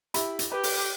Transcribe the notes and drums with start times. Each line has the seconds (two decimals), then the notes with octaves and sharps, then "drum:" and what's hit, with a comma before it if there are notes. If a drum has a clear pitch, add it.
0.14 E4 G4 B5, drum: hi-hat
0.39 drum: hi-hat
0.52 G4 B4
0.63 drum: open hi-hat